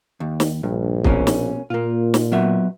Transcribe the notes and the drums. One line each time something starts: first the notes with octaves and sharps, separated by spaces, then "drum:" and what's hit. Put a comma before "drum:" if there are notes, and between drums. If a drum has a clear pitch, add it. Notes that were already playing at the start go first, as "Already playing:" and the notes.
D#2
drum: snare
A#1 G2
B2 A#3 C#4, drum: kick
drum: snare
A#2 A#3 F4
drum: snare
F#3 B3 E5